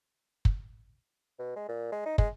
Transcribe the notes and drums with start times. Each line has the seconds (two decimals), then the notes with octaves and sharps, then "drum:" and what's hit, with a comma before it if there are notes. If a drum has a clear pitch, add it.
0.45 drum: kick
1.39 B2
1.56 G#3
1.69 A#2
1.92 G#3
2.06 D#4
2.18 G#3, drum: kick